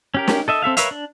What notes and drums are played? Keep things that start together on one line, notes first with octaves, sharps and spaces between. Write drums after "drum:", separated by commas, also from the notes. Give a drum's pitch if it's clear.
C#4 G4 A#4
drum: snare
A4 D#5 E5
C4 A4 E5 F5
A#4 B4 C#5 E5 F5, drum: hi-hat
D4